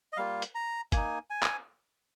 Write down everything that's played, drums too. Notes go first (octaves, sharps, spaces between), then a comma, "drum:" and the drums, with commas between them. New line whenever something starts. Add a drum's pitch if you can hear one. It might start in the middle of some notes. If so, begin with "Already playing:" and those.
D#5
G3 A#3 F4 F5
drum: hi-hat
A#5
A#3 D#4 G#5, drum: kick, hi-hat
G#5
drum: clap